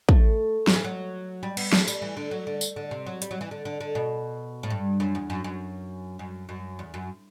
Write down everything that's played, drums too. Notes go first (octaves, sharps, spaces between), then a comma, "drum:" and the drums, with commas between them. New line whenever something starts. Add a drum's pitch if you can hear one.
A3, drum: kick
F#3, drum: snare
E3
F#3
G3
B3, drum: cymbal
A3, drum: snare
G3, drum: tambourine
E3
D3
F#3
D3
drum: tambourine
D3
C3
F#3
G3, drum: hi-hat
F#3
E3
D3
D3
D3
B2
A2
G2
F#2
E2
F#2
F#2
F#2
F#2
E2
F#2